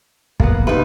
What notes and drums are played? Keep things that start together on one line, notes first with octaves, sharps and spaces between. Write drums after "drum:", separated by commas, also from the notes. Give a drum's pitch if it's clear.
A#3 B3, drum: kick
C3 D#4 F4 B4